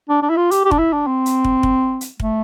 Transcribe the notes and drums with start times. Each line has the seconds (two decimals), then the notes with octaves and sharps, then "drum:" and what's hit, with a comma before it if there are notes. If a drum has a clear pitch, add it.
0.09 D4
0.22 D4
0.30 E4
0.37 F4
0.51 G4, drum: hi-hat
0.65 G4
0.71 D4, drum: kick
0.79 E4
0.93 D4
1.07 C4
1.26 drum: hi-hat
1.44 drum: kick
1.63 drum: kick
2.01 drum: hi-hat
2.20 A3, drum: kick